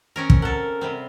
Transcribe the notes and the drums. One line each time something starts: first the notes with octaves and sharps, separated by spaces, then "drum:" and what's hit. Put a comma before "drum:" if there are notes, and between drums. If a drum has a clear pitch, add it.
C4 C#4 A#4
drum: kick
A4 A#4 F#5
C3 G3 C4